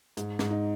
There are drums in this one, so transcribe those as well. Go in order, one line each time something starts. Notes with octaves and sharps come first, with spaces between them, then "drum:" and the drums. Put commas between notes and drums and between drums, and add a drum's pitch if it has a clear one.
G#2, drum: hi-hat
G#2, drum: snare
D#4